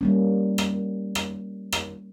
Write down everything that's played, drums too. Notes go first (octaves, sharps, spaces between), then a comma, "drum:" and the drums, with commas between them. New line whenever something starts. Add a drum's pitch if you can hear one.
G3 A#3 C#4
drum: rim click
drum: rim click
drum: rim click